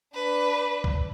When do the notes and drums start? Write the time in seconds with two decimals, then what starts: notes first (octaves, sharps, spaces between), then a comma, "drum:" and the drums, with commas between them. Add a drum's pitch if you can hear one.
0.14 D4 B4
0.84 drum: kick